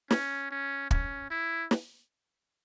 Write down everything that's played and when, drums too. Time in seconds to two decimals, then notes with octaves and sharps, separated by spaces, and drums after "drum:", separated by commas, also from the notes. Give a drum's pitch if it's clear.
0.11 C#4, drum: snare
0.51 C#4
0.91 C#4, drum: kick
1.31 E4
1.71 drum: snare